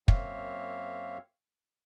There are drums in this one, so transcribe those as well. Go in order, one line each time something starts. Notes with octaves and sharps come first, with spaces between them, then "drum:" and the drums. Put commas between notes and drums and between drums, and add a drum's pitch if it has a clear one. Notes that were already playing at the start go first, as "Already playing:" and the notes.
F#2 A#3 C4 C#5 E5 F5, drum: kick